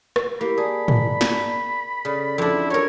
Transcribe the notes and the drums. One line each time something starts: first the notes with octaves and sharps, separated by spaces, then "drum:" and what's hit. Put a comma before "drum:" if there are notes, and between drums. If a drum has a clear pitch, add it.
drum: rim click
A#3 E4 G4 B5
G#4 D5 A5 A#5
drum: tom
drum: snare
C#3 A4 D5
F2 D4 E4
F#4 A#4 C#5